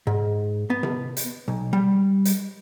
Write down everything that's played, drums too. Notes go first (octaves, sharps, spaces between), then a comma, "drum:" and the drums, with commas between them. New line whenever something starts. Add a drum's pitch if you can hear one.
G#2
B3
drum: tom C3
drum: hi-hat
B1
G3
drum: hi-hat